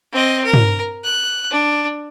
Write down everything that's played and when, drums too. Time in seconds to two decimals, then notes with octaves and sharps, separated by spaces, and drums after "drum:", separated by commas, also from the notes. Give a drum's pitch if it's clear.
0.13 C4 D#5
0.44 A#4
0.54 drum: tom
1.04 F#6
1.51 D4